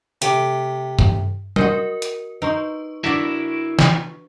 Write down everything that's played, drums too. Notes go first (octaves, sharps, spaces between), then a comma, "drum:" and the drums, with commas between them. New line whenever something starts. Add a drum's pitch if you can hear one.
C3 A3 D6, drum: hi-hat
drum: tom G2
F#4 A#4 C5 D#5, drum: tom F#3
drum: hi-hat
D#4 B4 C5 C#6
D4 E4 F#4 A#4 D5 E5
drum: snare